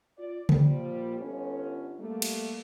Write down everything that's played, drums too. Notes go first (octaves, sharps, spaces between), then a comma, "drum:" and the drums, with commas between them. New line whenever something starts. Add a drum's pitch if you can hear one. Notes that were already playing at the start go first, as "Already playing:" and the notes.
F4 D5
A#2 F3 G3, drum: tom C#3
G1 C#4
G3 A3 A#3
drum: cymbal